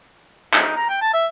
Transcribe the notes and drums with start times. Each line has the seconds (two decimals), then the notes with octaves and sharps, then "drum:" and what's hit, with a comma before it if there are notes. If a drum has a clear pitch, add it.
0.53 D#4, drum: clap
0.76 A#5
0.89 G5
1.01 A5
1.13 E5